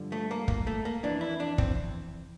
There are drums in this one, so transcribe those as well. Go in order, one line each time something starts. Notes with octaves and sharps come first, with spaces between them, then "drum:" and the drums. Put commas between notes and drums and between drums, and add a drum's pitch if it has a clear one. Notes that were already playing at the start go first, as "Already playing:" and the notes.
Already playing: G2 D3 F3
A3
A#3
A#3, drum: kick
A3
A#3
F2 E3 D4
E4
D4
C4, drum: kick